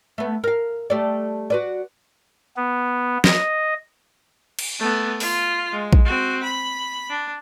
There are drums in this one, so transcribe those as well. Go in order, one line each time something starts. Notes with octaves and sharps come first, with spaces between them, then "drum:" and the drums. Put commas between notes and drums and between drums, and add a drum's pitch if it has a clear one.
A3 B3
A#4 F5
G3 A3 D5
F#4 B4 D5
B3
D#5, drum: snare
drum: cymbal
A3 B3
F4, drum: open hi-hat
G#3
drum: kick A#1
C4 F#4
B5
D4